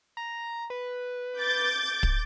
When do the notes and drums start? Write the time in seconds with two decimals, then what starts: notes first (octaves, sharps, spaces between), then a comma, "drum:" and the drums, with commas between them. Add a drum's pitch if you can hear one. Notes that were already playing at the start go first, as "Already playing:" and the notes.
0.17 A#5
0.70 B4
1.38 D6 G6 A6
2.03 drum: kick